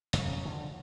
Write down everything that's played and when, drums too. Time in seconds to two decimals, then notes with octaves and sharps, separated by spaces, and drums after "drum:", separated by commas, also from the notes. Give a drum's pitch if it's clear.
0.13 F2 C#3 F#3 C#4, drum: hi-hat
0.45 D3 F3